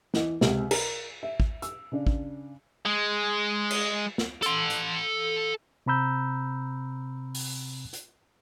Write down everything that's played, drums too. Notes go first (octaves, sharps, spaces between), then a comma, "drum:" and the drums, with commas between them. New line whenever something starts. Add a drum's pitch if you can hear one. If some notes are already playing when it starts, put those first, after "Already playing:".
E3 D#5, drum: snare
C#2 C3, drum: snare
A#4, drum: cymbal
E5
drum: kick
E6, drum: hi-hat
C#3 D4
drum: kick
G#3
drum: cymbal
drum: snare
A4 C6, drum: hi-hat
drum: hi-hat
C3 C4 A#5 B5 E6 G6
drum: open hi-hat
drum: hi-hat